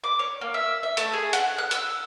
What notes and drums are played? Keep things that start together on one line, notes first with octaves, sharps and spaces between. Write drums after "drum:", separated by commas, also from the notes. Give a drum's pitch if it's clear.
D6
C#5
A#3
E5
E5
A3, drum: hi-hat
G#4
F#5, drum: hi-hat
F#6
E6, drum: hi-hat